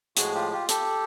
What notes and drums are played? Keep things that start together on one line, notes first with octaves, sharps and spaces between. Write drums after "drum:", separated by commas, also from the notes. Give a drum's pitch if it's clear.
A2 F3 G#3 F#4 G#4, drum: hi-hat
F4 G4
F4 G4
G4 A4, drum: hi-hat